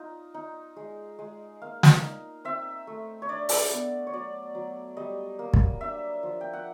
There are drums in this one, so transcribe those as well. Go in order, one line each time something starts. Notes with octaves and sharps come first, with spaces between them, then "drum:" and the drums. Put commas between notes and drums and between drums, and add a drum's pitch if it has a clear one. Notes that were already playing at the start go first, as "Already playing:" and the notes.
Already playing: D#4 F4
D#4
G#3
G#3
A#3 F5
drum: snare
D#4
C4 E5
A3
C#5
D4 D5
drum: open hi-hat
B3
C#5
F#3 D5
F#3
G3 D#5
A#3
drum: kick
D4 E5
F3
G5
F#5